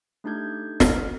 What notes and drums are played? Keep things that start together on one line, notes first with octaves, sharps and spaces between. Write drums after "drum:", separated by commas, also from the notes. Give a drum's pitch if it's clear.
A3 D4 D#4 G4 G6 G#6
F#5 F6, drum: snare